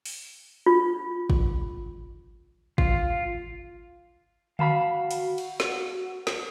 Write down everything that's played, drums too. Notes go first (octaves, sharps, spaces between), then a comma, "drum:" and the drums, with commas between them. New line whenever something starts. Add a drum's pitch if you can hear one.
drum: open hi-hat
F4
drum: kick
F4, drum: kick
F#4 F5 A5 B5, drum: tom D3
drum: hi-hat
drum: cymbal
drum: snare
drum: snare